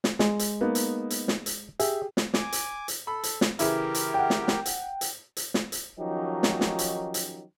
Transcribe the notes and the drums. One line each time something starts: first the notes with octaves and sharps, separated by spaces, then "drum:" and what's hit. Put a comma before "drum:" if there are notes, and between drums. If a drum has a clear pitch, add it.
drum: snare
G#3, drum: snare
drum: hi-hat
A#3 B3 D#4
drum: hi-hat
drum: hi-hat
drum: snare
drum: hi-hat
G4 G#4 E5, drum: hi-hat
drum: snare
G#5 D6, drum: snare
drum: hi-hat
drum: hi-hat
A4 B5
drum: hi-hat
drum: snare
C#3 E3 E4 G4 A#4, drum: hi-hat
drum: hi-hat
F#5 G5
drum: snare
drum: snare
drum: hi-hat
drum: hi-hat
drum: hi-hat
drum: snare
drum: hi-hat
D#3 F3 F#3 C#4 D#4 G4
drum: snare
drum: snare
drum: hi-hat
drum: hi-hat